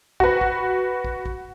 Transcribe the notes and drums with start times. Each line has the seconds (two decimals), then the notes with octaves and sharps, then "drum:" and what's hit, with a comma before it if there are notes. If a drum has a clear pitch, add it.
0.20 F#4 B4, drum: kick
0.41 drum: kick
1.04 drum: kick
1.26 drum: kick